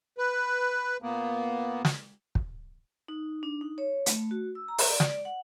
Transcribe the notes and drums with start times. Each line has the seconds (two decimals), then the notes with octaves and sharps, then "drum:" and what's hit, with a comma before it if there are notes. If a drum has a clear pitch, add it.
0.18 B4
1.02 A#2 A#3 B3
1.85 drum: snare
2.35 drum: kick
3.08 D#4
3.43 D4
3.61 D#4
3.78 C#5
4.06 A3, drum: hi-hat
4.31 F#4
4.55 E6
4.68 A#5
4.78 drum: open hi-hat
4.90 D5
5.00 drum: snare
5.25 F#5